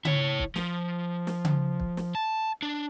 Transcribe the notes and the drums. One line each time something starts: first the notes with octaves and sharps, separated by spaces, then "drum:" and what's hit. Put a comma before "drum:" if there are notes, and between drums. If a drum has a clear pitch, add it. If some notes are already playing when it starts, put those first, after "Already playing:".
E4 C#5, drum: tom C#3
drum: kick
F3, drum: snare
drum: snare
drum: tom C#3
drum: kick
drum: snare
A5
D4